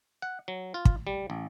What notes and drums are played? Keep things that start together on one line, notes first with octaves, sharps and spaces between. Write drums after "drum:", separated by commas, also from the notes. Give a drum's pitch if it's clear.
F#5
F#3
F4
drum: kick
G3
A1